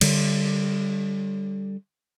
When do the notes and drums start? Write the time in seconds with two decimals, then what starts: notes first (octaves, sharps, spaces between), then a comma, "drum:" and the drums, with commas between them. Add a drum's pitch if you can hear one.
0.01 D3 G3, drum: cymbal